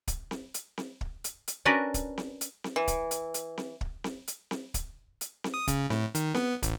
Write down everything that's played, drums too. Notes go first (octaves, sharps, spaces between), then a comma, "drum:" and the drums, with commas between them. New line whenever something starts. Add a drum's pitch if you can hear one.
drum: kick, hi-hat
drum: snare C4
drum: hi-hat
drum: snare C4
drum: kick
drum: hi-hat
drum: hi-hat
C#4 D4 F#4 A#4 B4 D5
drum: kick, hi-hat
drum: snare C4
drum: hi-hat
drum: snare C4
E3
drum: kick, hi-hat
drum: hi-hat
drum: hi-hat
drum: snare C4
drum: kick
drum: snare C4
drum: hi-hat
drum: snare C4
drum: kick, hi-hat
drum: hi-hat
drum: snare C4
D#6
C#3, drum: kick, hi-hat
A2, drum: snare C4
D#3, drum: hi-hat
B3, drum: snare C4
A1, drum: kick, hi-hat